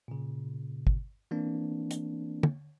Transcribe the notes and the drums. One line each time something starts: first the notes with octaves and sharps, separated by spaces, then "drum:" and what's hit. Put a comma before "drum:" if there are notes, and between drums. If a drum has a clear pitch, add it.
A#2 C#3
drum: kick
E3 A#3 C4 D4
drum: hi-hat
drum: tom D3